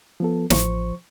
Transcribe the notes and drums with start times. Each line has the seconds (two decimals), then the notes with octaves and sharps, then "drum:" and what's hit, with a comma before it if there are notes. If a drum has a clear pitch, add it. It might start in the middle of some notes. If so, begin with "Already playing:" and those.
0.20 F3 B3 A4
0.50 A1 F3 C5 C#6, drum: snare